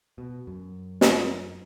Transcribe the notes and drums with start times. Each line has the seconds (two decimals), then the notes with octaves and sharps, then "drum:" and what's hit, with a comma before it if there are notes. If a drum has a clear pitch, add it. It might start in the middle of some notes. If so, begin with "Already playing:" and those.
0.18 B2
0.47 F#2
1.01 drum: snare